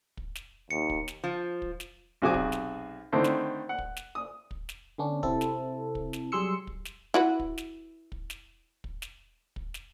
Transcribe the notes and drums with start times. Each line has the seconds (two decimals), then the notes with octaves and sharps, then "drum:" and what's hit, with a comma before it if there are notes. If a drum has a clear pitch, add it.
0.17 drum: kick
0.35 drum: snare
0.71 D#2 C#7
0.90 drum: kick
1.08 drum: snare
1.24 F3
1.62 drum: kick
1.80 drum: snare
2.22 B1 C3 F#4 G#4 G#5 D6
2.34 drum: kick
2.52 drum: snare
3.12 D3 D#3 A3 C4 E4
3.24 drum: snare
3.69 F#5
3.78 drum: kick
3.97 drum: snare
4.15 D#6
4.51 drum: kick
4.69 drum: snare
4.98 D3 B3 C#4 D4
5.23 C3 C4 E4 A4, drum: kick
5.41 drum: snare
5.95 drum: kick
6.13 drum: snare
6.32 F#3 G3 G#4 C6 E6 C#7
6.67 drum: kick
6.85 drum: snare
7.14 E4 F#4 B4
7.40 drum: kick
7.58 drum: snare
8.12 drum: kick
8.30 drum: snare
8.84 drum: kick
9.02 drum: snare
9.56 drum: kick
9.74 drum: snare